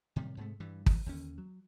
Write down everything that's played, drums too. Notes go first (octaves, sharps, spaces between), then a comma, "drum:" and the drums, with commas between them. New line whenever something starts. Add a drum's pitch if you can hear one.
A2 C3 D#3 G3
G#2 C3 G#3 A3
G2 E3 G3
E3, drum: kick
D#2 D3 C#4
F#3